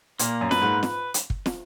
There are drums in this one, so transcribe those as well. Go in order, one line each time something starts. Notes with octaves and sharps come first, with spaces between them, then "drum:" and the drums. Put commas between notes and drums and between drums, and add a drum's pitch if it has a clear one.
A#2 A#3, drum: hi-hat
F#2
B4, drum: snare
G#2
drum: snare
drum: hi-hat
drum: kick
drum: snare